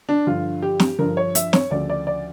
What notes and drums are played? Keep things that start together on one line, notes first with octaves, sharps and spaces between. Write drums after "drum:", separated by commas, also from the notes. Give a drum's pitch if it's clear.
D4
G2 D3 F3 F4
G4
drum: snare
G2 D3 F3 A#4
C#5
E5, drum: hi-hat
C#5, drum: snare
D2 C#3 F3 D5
D5
D5